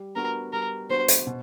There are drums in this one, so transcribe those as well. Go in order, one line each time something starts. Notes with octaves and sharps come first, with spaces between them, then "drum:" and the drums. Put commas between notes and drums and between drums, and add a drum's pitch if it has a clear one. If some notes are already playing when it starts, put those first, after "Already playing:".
Already playing: G3
B3 D4 F#4 A#4 B4
G3 A#4
B3 D4 F#4 B4 C5
drum: hi-hat
B2